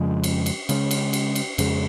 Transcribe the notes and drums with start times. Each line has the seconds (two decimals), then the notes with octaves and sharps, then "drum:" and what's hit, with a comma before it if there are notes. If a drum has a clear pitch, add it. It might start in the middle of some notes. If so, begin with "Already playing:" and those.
Already playing: F2 C#3 F3 G#3
0.24 drum: cymbal
0.46 drum: cymbal
0.69 C#3 G#3 C#4, drum: cymbal
0.91 drum: cymbal
1.13 drum: cymbal
1.35 drum: cymbal
1.58 F2 C#3 G#3, drum: cymbal